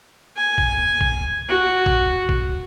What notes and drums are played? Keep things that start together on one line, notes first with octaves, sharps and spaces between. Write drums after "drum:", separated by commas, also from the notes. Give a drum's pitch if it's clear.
G#5
drum: kick
drum: kick
F#4
drum: kick
drum: kick